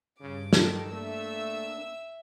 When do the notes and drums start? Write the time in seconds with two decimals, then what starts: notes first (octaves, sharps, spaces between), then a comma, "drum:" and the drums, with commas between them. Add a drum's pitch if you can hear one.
0.20 G2 C#3 D6
0.53 D#3 A4 A#4, drum: snare
0.92 A3 A#3 D4 E5 E6